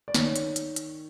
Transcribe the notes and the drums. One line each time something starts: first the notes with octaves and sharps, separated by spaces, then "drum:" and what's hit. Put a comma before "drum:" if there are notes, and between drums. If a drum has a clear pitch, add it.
D5
D#3 C#5, drum: snare
drum: hi-hat
drum: hi-hat
drum: hi-hat